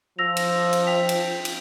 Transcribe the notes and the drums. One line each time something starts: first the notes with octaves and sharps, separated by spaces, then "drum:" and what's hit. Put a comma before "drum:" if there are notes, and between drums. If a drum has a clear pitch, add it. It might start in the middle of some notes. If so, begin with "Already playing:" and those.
F3 E6 A#6 F7
drum: cymbal
drum: cymbal
G5 B6 F7
drum: cymbal
drum: cymbal